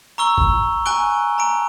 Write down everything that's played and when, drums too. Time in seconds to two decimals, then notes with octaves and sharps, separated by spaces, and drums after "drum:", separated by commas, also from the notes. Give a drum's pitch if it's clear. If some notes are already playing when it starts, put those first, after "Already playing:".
0.18 A#5 C#6 E6 G7
0.38 drum: kick F#1
0.85 G#5 A#5 C#6 F#6 D7 G7
1.38 A5 A#5 D7